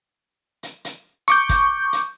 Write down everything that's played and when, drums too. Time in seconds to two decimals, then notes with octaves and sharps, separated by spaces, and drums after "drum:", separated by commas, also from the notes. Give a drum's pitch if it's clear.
0.63 drum: hi-hat
0.85 drum: hi-hat
1.28 C#6 D6 G6, drum: hi-hat
1.49 drum: kick, hi-hat
1.93 drum: hi-hat